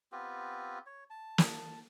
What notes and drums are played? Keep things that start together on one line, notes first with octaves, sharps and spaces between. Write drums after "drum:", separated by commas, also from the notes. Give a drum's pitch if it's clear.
B3 C4 F4 G4
C#5
A5
drum: snare